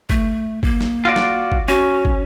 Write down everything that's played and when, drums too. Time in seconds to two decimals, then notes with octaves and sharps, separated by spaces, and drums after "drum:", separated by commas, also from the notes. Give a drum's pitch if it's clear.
0.10 A3, drum: kick
0.63 A#3, drum: kick
0.81 drum: snare
1.05 F4 F#4 D5
1.16 drum: snare
1.52 drum: kick
1.68 C#4 F#4
2.05 drum: kick